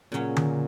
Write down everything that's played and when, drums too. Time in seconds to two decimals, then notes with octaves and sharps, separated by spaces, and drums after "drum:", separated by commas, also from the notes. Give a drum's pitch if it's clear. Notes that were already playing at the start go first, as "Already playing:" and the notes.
0.12 A#2 C#3 F#3 C#4
0.36 drum: tom D3